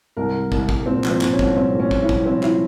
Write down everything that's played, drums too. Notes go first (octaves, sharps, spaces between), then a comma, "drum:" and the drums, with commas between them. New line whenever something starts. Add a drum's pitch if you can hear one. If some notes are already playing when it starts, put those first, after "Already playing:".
C2 A#4
C2
C2, drum: kick
C2, drum: kick
A#2 C4
F3, drum: clap
C4
A#2, drum: clap
C#4
C2, drum: kick
C2 C4
A#2
C#4
A#2, drum: kick
E4
C2, drum: kick
F3 C4
F3 E4, drum: clap